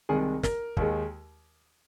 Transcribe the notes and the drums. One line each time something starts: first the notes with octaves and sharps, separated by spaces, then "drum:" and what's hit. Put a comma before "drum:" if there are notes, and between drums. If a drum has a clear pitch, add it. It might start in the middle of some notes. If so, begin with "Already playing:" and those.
C2 C3 D#3 G#3 G#4
A#4, drum: snare
D#2 D#3 G#3, drum: kick